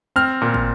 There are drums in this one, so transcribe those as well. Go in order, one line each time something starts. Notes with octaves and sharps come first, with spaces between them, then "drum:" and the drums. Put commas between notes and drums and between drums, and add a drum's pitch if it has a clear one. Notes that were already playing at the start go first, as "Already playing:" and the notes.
C4 F6
A#2
drum: kick